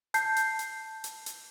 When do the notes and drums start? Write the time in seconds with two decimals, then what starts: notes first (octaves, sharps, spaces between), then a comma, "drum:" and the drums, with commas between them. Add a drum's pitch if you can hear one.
0.14 A5 G6 C7, drum: hi-hat
0.36 drum: hi-hat
0.59 drum: hi-hat
1.04 drum: hi-hat
1.26 drum: hi-hat